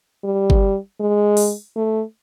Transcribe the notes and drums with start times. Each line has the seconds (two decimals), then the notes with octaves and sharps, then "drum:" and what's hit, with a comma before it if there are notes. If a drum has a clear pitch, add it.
0.24 G3
0.50 drum: kick G1
1.00 G#3
1.37 drum: open hi-hat
1.76 A3